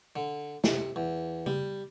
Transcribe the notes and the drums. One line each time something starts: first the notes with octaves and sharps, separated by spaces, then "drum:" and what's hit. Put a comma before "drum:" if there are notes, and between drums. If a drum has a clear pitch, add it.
D3
C3, drum: snare E4
E2
G3, drum: tom C#3